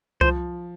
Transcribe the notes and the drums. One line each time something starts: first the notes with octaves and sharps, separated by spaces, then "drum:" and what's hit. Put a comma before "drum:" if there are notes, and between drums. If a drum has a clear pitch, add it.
F3 C5, drum: kick C2